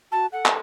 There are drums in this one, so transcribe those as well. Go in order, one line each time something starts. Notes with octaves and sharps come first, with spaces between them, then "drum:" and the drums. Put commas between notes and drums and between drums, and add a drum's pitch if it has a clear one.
F#4 A5
A4 F#5
drum: clap